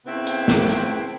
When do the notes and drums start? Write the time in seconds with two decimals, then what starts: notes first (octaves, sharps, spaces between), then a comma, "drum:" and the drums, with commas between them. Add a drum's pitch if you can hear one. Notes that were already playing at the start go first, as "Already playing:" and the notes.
0.06 A2 C#3 B3 C4 E4
0.27 drum: hi-hat
0.48 drum: snare
0.69 drum: hi-hat